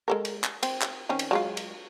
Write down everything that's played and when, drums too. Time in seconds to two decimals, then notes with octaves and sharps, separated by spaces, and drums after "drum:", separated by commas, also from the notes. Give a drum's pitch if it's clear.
0.08 G#3 A4 A#4
0.25 drum: cymbal
0.44 drum: clap
0.63 C4, drum: cymbal
0.81 drum: clap
1.09 D#3 C4 C#4
1.19 drum: cymbal
1.31 F#3 G#3 F4
1.57 drum: cymbal